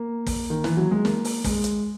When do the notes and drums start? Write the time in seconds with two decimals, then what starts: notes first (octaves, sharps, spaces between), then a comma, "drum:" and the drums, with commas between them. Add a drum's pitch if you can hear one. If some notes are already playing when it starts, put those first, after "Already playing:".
Already playing: A#3
0.27 drum: kick, open hi-hat
0.50 D#3
0.64 E3, drum: snare
0.77 F#3
0.91 G#3
1.05 A#3, drum: snare
1.25 drum: open hi-hat
1.44 G#3, drum: kick, open hi-hat
1.64 drum: hi-hat